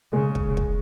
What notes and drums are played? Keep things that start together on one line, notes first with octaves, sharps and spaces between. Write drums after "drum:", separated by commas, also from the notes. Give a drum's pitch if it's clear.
C#3 G#3
drum: kick
drum: kick